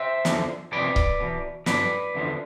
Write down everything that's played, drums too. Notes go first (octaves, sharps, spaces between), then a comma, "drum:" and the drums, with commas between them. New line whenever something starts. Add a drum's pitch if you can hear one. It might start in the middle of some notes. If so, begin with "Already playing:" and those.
Already playing: C5 E5
E2 D3 F3, drum: snare
E2 C3 F3 B4 D5
drum: kick C#1
E2 B2
G2 D3 F3 B4 D5, drum: snare
E2 D3 F3